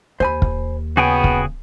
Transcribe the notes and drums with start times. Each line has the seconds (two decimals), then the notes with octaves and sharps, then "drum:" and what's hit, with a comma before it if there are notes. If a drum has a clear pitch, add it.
0.20 D#2 C5 G#5 B5
0.42 drum: kick
0.97 C#3 B3 F#4 G#4 G5 G#5
1.24 drum: kick